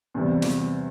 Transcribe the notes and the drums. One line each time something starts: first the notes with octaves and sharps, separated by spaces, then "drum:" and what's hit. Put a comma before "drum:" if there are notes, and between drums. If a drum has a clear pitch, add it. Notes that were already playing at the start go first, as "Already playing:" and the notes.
E2 C3 G3
drum: snare